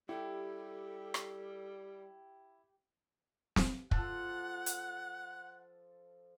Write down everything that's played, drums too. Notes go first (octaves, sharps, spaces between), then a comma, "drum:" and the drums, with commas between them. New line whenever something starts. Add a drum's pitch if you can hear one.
G3 E4 G4 A4
drum: rim click
drum: snare
F3 A4 F#5, drum: kick
drum: hi-hat